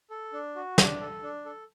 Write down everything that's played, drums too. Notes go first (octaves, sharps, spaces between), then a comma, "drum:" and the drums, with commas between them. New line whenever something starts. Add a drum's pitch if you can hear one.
A4
D4
F#4
D4, drum: snare
A4
D4
A4